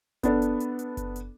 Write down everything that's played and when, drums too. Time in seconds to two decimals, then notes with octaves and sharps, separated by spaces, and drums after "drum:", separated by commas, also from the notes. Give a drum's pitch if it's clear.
0.23 B3 D4 A4, drum: kick F#1, hi-hat
0.42 drum: hi-hat
0.60 drum: hi-hat
0.79 drum: hi-hat
0.97 drum: kick F#1, hi-hat
1.16 drum: hi-hat